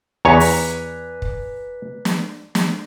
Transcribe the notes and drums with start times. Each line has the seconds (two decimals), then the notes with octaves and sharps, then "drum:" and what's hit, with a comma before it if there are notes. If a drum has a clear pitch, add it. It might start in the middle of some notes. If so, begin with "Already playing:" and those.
0.25 E2 B4 C#5 D5 G#5 A#5 B6
0.40 drum: open hi-hat
1.22 drum: kick
2.05 drum: snare
2.55 drum: snare